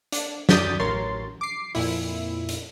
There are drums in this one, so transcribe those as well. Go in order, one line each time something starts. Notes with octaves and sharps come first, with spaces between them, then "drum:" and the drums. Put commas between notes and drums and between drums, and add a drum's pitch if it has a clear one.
D4, drum: hi-hat
F#2 D5 D#6 G6 A6 B6, drum: snare
A1 A#4 C#5 C6 A6
D6 C7
F2 A#2 E4, drum: open hi-hat
drum: hi-hat